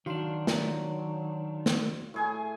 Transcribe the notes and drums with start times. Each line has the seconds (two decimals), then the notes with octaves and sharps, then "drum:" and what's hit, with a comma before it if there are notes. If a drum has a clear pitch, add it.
0.06 D#3 F#3 D4 F#4 F5 C6
0.47 drum: snare
1.66 drum: snare
2.14 A2 G#4 G#5